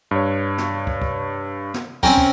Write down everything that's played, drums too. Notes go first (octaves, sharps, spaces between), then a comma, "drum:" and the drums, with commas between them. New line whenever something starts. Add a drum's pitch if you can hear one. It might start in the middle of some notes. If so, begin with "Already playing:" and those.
G2 C#5
drum: snare
drum: kick
drum: kick
drum: snare
C4 C#4 A#4 G5, drum: kick
drum: kick